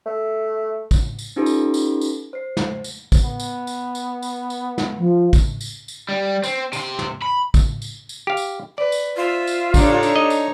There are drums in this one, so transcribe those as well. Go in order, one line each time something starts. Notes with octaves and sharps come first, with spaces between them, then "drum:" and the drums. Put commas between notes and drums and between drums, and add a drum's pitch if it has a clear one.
A3
drum: kick, tambourine
drum: tambourine
C#4 D#4 F4 G4 A4 B4
drum: tambourine
drum: tambourine
drum: tambourine
C5 C7
drum: snare
drum: tambourine
drum: kick, tambourine
B3
drum: tambourine
drum: tambourine
drum: tambourine
drum: tambourine
drum: tambourine
drum: snare
F3
drum: kick, tambourine
drum: tambourine
drum: tambourine
G3
C4, drum: tambourine
C3 C6, drum: tambourine
drum: snare
B5
drum: kick, tambourine
drum: tambourine
drum: tambourine
G4 F5
drum: tambourine
B4 D5
drum: tambourine
F4 C5 E5
drum: tambourine
D4 D#4 G4 A4 C#5, drum: kick, tambourine
drum: tambourine
D#5
drum: tambourine